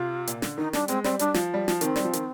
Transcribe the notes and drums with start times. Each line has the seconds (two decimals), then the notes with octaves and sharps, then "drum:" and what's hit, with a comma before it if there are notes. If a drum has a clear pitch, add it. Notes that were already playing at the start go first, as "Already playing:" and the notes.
Already playing: C3 F4
0.27 A#2, drum: hi-hat
0.42 D3, drum: snare
0.57 D#3 D#4
0.73 G3 D4, drum: snare
0.88 G#3 C4, drum: hi-hat
1.04 G3 C4, drum: snare
1.19 G3 D4, drum: hi-hat
1.34 F3, drum: snare
1.54 G3
1.68 F3, drum: snare
1.81 D#3 C4, drum: hi-hat
1.96 G3, drum: snare
2.05 F3
2.13 D#3, drum: hi-hat